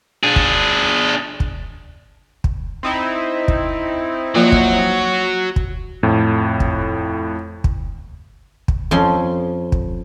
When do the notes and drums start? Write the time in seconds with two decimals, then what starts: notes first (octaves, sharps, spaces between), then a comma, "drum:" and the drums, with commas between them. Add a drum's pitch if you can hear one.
0.23 D4 G#4
0.36 drum: kick
1.40 drum: kick
2.44 drum: kick
2.83 C4 D#4 E4
3.48 drum: kick
4.35 F3 F#3 A#3 F4 F#4
4.52 drum: kick
5.56 drum: kick
6.03 F2 A2
6.60 drum: kick
7.64 drum: kick
8.68 drum: kick
8.91 F2 F3 C#4 C6
9.72 drum: kick